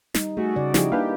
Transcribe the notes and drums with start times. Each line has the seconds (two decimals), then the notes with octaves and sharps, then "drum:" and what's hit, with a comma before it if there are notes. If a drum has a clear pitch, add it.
0.14 G3 D#4, drum: snare
0.37 A3 F#4 G#4
0.56 C#3 D5
0.74 F3 D#4 E4 G4 G#4, drum: snare
0.92 A#3 D4 D#4 G4 B4 F5